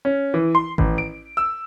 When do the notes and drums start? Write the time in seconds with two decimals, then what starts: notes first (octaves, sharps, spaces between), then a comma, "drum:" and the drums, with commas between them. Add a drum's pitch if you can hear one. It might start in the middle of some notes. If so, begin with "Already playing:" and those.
0.05 C#4
0.34 E3
0.55 C6
0.78 A1, drum: kick G#1
0.98 D7
1.37 E6